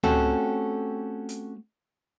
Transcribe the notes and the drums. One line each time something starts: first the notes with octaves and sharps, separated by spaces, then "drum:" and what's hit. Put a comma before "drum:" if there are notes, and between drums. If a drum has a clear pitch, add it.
A3 C4 C#4 F#4 G4 A4, drum: tom C#2
drum: hi-hat